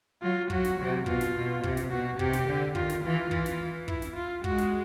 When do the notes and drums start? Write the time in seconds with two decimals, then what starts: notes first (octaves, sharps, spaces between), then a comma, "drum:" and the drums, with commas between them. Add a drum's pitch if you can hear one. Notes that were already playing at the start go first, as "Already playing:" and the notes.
0.22 F#3 F4
0.50 F#3 F#4, drum: kick
0.64 drum: snare
0.79 C3
1.06 B2 F4, drum: kick
1.21 drum: snare
1.35 B2
1.63 C3, drum: kick
1.77 drum: snare
1.91 B2 F#4
2.19 C3 G4, drum: kick
2.33 drum: snare
2.47 D3
2.75 D#3 F4, drum: kick
2.89 drum: snare
3.04 E3 F4
3.31 E3, drum: kick
3.46 drum: snare
3.88 E4, drum: kick
4.02 drum: snare
4.16 F4
4.44 G#3 F#4, drum: kick
4.58 drum: snare